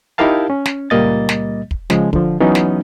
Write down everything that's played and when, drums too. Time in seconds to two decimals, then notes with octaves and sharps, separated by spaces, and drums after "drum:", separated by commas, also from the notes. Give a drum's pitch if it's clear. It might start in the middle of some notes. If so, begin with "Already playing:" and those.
0.18 D#4 E4 G4 A#4 F5 A5
0.50 C#4
0.66 drum: snare
0.90 C#2 A#2 G3 A#3 D#5 A6
1.29 drum: snare
1.71 drum: kick
1.90 C#3 F3 G#3, drum: snare
2.13 D3 F3, drum: kick
2.40 E3 F#3 B3 C#4 D#4
2.55 drum: snare